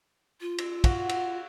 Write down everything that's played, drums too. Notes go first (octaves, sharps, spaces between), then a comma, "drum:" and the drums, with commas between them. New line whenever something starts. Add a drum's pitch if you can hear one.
F4
drum: cymbal
F#4 F5 F#5, drum: kick, cymbal
drum: cymbal